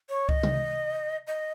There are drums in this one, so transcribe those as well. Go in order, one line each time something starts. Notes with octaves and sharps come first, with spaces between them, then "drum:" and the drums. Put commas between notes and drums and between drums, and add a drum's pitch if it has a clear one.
C#5
D#5, drum: kick C#2
drum: tom C3
D#5